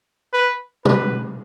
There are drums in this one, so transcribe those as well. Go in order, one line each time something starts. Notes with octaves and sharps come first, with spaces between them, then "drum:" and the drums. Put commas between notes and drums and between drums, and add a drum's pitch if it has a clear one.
B4
B4, drum: tom B2